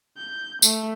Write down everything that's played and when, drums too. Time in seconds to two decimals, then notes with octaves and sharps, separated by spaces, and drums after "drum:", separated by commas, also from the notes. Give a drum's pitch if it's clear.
0.17 G6
0.62 A3, drum: tambourine